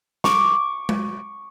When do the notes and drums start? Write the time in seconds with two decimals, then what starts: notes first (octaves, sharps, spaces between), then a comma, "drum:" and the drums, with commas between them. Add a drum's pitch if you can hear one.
0.24 C#6 D6, drum: snare
0.89 drum: tom G#3